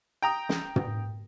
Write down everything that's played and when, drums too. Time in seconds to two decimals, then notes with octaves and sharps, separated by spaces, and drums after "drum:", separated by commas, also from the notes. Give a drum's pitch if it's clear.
0.22 G5 A#5 D#6
0.49 drum: snare
0.76 drum: tom